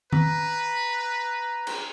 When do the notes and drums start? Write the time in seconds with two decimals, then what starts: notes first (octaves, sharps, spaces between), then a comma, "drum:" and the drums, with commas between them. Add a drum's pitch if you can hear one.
0.12 B4 A#5, drum: tom D#3
1.67 drum: cymbal